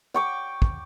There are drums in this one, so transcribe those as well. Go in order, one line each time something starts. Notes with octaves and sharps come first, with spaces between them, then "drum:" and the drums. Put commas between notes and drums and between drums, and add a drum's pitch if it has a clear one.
G5 C#6 D6
drum: kick